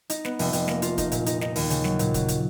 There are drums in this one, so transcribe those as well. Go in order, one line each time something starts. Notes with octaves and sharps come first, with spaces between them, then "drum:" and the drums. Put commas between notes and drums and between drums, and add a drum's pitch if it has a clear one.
D#4, drum: hi-hat
B3, drum: snare
F1, drum: open hi-hat
F1, drum: hi-hat
A#3, drum: snare
F4, drum: hi-hat
D#4, drum: kick, hi-hat
A#2, drum: hi-hat
D#4, drum: hi-hat
D#4, drum: snare
D#2, drum: open hi-hat
C#3, drum: hi-hat
F#3, drum: snare
A#2, drum: hi-hat
F#3, drum: kick, hi-hat
drum: hi-hat